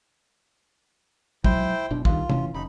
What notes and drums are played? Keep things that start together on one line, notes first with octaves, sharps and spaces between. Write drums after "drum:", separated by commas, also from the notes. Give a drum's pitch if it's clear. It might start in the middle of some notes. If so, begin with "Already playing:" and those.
B1 F#3 G#3 E4 C5 G5, drum: kick
F#1 B2 D4
G2 D#3 F4, drum: kick
F1 E3 C#4, drum: tom C3
F#1 D#4 B5